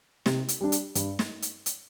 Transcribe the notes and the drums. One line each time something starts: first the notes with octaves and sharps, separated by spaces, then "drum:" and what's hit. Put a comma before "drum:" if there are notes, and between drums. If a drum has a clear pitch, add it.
C3, drum: snare
drum: hi-hat
G3 D4
drum: hi-hat
G2, drum: hi-hat
drum: snare
drum: hi-hat
drum: hi-hat